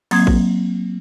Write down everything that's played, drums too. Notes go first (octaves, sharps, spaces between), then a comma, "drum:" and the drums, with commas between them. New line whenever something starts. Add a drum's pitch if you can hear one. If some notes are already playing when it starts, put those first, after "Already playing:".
F#3 A#3 C4 D#6 G#6, drum: cymbal
drum: kick A1